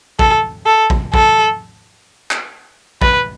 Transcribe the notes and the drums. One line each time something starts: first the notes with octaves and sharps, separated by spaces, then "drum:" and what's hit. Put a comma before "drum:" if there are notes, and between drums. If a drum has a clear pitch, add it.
A4, drum: kick
A4
drum: kick
A4, drum: kick
drum: clap
B4, drum: kick